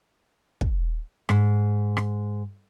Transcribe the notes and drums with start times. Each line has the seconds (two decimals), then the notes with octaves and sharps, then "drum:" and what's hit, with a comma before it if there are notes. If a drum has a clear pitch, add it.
0.61 drum: kick
1.29 G#2, drum: rim click
1.97 drum: rim click